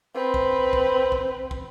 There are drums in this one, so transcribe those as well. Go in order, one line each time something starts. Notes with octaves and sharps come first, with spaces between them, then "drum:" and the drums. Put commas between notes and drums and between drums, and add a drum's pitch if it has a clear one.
C4 B4
drum: kick
drum: kick
drum: kick
drum: kick